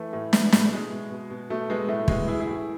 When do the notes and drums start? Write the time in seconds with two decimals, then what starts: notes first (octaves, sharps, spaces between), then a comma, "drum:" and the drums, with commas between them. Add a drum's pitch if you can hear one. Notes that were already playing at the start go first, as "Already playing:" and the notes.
Already playing: E3 A3
0.13 A2
0.33 E3, drum: snare
0.52 A2, drum: snare
0.72 B2 G#3
0.92 B2
1.10 B2
1.30 B2
1.50 B2 A3
1.69 B2 G#3 B3
1.88 A2 A3
2.08 A2 G#3 B3, drum: kick
2.28 E3 E4 G#4
2.40 E4 G#4
2.47 A2